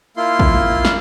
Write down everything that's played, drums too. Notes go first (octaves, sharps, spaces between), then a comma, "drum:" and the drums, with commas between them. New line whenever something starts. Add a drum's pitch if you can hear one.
A#3 E4 F4 C6
drum: kick
drum: snare